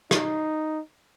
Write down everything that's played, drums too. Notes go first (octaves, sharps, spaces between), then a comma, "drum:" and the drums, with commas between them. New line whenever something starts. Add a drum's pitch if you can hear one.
D#4, drum: rim click